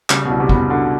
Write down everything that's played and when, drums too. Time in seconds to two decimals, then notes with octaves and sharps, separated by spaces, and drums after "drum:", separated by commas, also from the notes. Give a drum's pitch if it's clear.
0.10 C#3 G3, drum: clap
0.25 C2 B2
0.40 C3
0.49 B3, drum: kick
0.55 C#3
0.69 B2 D3